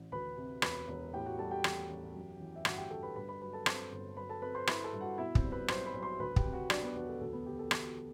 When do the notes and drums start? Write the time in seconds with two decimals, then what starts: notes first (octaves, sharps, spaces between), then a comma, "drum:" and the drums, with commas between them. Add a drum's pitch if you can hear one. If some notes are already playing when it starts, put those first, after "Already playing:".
Already playing: A1
0.12 D2 B4 B5
0.37 C3
0.62 E1 B4 B5, drum: rim click
0.88 E1
1.13 A2 G4 G5
1.26 F#4 F#5
1.39 G3 A4 A5
1.51 G4 G5
1.64 A1, drum: rim click
1.89 A1
2.15 F#2
2.40 E3
2.56 E5
2.65 G1 F#4 F#5, drum: rim click
2.77 G4 G5
2.90 G1 A4 A5
3.03 B4 B5
3.16 G2 B4 B5
3.28 B4 B5
3.41 F#3 B4 B5
3.53 A4 A5
3.66 C4 C5 C6, drum: rim click
3.92 G1
4.17 F#3 B4 B5
4.29 A4 A5
4.42 C4 B4 B5
4.55 C5 C6
4.67 E4 B4 B5, drum: rim click
4.84 A4 A5
4.93 G2
5.01 F#4 F#5
5.18 B2 E4 E5
5.35 C4 C5, drum: kick
5.44 G3
5.52 B4 B5
5.68 B1 C5 C6, drum: rim click
5.86 B4 B5
5.94 B1
6.03 C5 C6
6.19 D2 B4 B5
6.36 G4 G5, drum: kick
6.45 C3
6.52 F#4 F#5
6.70 F#3 D4 D5, drum: rim click
6.83 B3 B4
6.95 E1 B3 B4
7.09 A4
7.21 D2 A4
7.33 B3 B4
7.46 D3 G4
7.59 A4
7.71 E1, drum: rim click